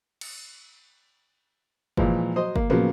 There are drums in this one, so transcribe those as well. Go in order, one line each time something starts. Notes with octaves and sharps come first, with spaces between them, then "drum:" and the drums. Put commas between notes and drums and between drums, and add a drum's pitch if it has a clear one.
drum: cymbal
A#2 E3 F3 G#3, drum: kick F#1
F#3 C5 D#5
A#3, drum: kick F#1
C#3 F3 F#3 A#3 B3, drum: tom